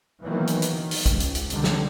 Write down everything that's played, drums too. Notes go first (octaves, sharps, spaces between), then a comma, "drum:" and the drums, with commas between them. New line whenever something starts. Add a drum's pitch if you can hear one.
D#3 E3 F#3 A#3 B3
drum: hi-hat
drum: hi-hat
D#3
drum: open hi-hat
C#2, drum: kick, hi-hat
drum: hi-hat
drum: hi-hat
B2 D3 D#3 G3, drum: hi-hat
drum: snare